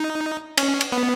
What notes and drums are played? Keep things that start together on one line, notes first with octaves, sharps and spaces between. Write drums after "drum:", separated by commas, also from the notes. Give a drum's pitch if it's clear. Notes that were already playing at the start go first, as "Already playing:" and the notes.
Already playing: D#4
C#4, drum: cymbal
drum: cymbal
B3